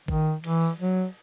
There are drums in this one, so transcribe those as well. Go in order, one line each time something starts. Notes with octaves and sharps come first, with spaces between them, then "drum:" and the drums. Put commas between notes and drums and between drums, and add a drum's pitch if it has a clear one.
D#3, drum: kick
E3, drum: cymbal
drum: tambourine
F#3